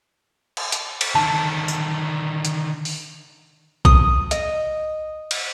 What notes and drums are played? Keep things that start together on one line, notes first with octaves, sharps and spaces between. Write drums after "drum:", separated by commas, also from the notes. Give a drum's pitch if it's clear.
drum: cymbal
drum: hi-hat
drum: cymbal
D3 D#3 A5
drum: tambourine
drum: hi-hat
drum: open hi-hat
D#6, drum: kick
D#5, drum: hi-hat
drum: cymbal